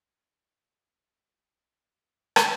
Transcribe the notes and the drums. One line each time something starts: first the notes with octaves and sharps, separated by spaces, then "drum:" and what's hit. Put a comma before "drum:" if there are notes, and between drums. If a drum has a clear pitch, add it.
B1
G2
A#1
G#2
C#2
B1
G1
A#1
D2
F#2
drum: rim click